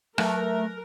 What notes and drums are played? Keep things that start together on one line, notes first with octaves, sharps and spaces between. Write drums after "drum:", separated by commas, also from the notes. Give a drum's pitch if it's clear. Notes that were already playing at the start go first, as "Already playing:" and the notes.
F#3 A3 A#4 F#6, drum: rim click